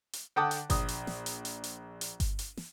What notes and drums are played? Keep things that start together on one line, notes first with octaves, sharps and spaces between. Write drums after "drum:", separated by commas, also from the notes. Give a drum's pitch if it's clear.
drum: hi-hat
D3 F#5 G5 A5 D6 D#6
drum: hi-hat
A#1 D#6, drum: kick G1, hi-hat
drum: hi-hat
drum: snare
drum: hi-hat
drum: hi-hat
drum: hi-hat
drum: hi-hat
drum: kick G1, hi-hat
drum: hi-hat
drum: snare